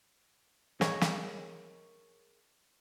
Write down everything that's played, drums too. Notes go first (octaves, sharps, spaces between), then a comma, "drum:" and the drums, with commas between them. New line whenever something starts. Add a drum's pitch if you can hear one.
G#4 A#4 C#5 D#5, drum: snare
drum: snare